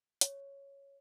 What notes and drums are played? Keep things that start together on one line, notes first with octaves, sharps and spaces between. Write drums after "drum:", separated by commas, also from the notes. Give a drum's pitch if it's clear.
C#5, drum: hi-hat